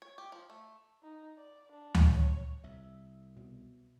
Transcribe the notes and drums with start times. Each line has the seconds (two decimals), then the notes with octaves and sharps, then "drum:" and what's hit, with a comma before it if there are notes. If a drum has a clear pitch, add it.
0.02 C#5
0.18 G4
0.32 F3
0.50 A3
1.03 D#4
1.37 D5
1.72 D4
1.95 drum: tom D2
2.14 C#5
2.64 C2 E5
3.37 B2